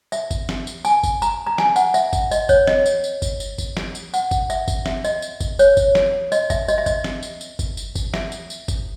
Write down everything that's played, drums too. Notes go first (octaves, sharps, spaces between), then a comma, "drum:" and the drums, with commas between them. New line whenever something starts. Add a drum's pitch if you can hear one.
E5, drum: tambourine
drum: kick G1, tambourine
drum: snare
drum: tambourine
G#5, drum: tambourine
drum: kick G1, tambourine
A#5, drum: tambourine
A#5
G#5, drum: snare
F#5, drum: tambourine
E5, drum: tambourine
drum: kick G1, tambourine
D#5, drum: tambourine
C#5, drum: kick G1, tambourine
D#5, drum: snare
drum: tambourine
drum: tambourine
drum: kick G1, tambourine
drum: tambourine
drum: kick G1, tambourine
drum: snare
drum: tambourine
F#5, drum: tambourine
drum: kick G1, tambourine
E5, drum: tambourine
drum: kick G1, tambourine
E5, drum: snare
D#5, drum: tambourine
drum: tambourine
drum: kick G1, tambourine
C#5, drum: tambourine
drum: kick G1, tambourine
drum: snare
D#5, drum: tambourine
E5, drum: kick G1, tambourine
D#5, drum: tambourine
E5
D#5, drum: kick G1, tambourine
drum: snare
drum: tambourine
drum: tambourine
drum: kick G1, tambourine
drum: tambourine
drum: kick G1, tambourine
E5, drum: snare
drum: tambourine
drum: tambourine
drum: kick G1, tambourine